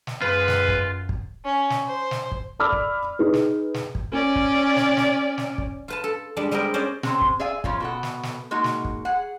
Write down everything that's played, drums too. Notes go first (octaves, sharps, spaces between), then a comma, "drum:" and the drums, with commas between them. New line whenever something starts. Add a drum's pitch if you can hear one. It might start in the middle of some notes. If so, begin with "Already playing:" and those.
drum: snare
F#2 G#3 F4 B4
drum: snare
drum: kick
drum: kick
C#4
drum: snare
C5
drum: snare
drum: kick
D5 B5 D6 E6 F6
drum: kick
D#4 G#4 B4
drum: snare
drum: snare
drum: kick
C#4 D5
drum: kick
drum: snare
drum: snare
drum: snare
drum: kick
F4 B4 A5
A4
G3 G#3 D4
G3 G#3 B3 C4 A#4
C#4 C5 D5 D#5
C3 C4 C#4 G#4 C5, drum: snare
drum: kick
G#4 D5 E5 F5 G#5
C#3 F3 C#4 F4, drum: kick
B2 A4 F#5
drum: snare
drum: snare
G#3 A#3 D#4 F#4
drum: snare
drum: kick
G#4 F#5